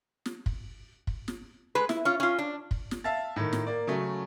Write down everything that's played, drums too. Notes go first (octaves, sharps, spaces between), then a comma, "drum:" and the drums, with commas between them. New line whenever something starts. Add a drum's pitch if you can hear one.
drum: snare
drum: kick
drum: kick
drum: snare
G#3 B4
E4, drum: snare
C#4 F4
C#4 F4
D4
drum: kick
drum: snare
E5 F5 A5 A6
A2 D#3
drum: snare
A#3 D5
C#3 F#3 A3